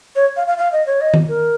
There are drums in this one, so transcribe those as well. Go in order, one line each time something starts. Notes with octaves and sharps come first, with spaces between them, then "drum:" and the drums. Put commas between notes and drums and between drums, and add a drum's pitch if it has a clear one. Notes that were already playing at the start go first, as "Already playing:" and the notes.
C#5
F5
F5
F5
D#5
C#5
D#5
drum: tom D#3
A#4